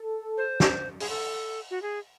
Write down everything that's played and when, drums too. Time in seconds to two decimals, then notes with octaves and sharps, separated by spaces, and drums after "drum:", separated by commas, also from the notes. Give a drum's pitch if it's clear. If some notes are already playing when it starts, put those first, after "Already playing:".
Already playing: A4
0.37 C5
0.60 drum: snare
1.00 G#4, drum: open hi-hat
1.09 A4
1.71 F#4
1.82 G#4